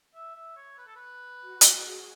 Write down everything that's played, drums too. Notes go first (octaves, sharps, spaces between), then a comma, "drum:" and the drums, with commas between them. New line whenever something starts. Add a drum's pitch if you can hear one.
E5
E5
C#5
B4
A4
B4
F#4
drum: hi-hat
G#4